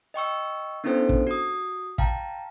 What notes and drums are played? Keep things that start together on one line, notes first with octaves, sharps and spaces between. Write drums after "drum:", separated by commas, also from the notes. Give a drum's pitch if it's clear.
D#5 G5 C#6 E6
B3 C#4 D4 E4 A4 C5
drum: kick
F#4 D#6
F5 G5 A5 A#5, drum: kick